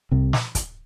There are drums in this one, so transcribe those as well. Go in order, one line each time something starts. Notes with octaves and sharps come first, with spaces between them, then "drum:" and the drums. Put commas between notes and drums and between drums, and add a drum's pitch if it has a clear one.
C2 C3
drum: snare
drum: kick, hi-hat